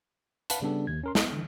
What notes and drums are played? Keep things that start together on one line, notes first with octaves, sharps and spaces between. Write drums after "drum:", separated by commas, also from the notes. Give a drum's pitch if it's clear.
B4 F5 F#5 A5 B5, drum: hi-hat
C#3 G3 B3 D4 A4
D#2 G#6
C#4 A#4 C6
B3, drum: snare
D3 E3